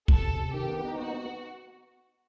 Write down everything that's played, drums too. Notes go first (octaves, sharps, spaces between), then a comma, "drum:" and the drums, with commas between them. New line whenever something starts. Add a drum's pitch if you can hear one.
C3 A4, drum: kick
C3
C3
D#3 G4
B3
D#4
B3 F#4
B3